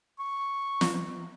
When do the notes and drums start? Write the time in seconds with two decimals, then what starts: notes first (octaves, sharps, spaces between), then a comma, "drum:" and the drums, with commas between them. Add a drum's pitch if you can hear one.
0.19 C#6
0.81 drum: snare